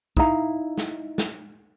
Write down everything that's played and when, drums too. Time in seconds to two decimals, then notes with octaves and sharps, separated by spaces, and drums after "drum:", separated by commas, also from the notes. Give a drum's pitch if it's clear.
0.17 D#4 E4 F5 A#5, drum: kick
0.78 drum: snare
1.18 drum: snare